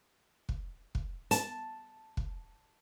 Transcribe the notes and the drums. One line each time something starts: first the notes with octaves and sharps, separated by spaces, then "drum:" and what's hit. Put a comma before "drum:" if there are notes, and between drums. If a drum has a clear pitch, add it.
drum: kick
drum: kick
A5, drum: hi-hat
drum: kick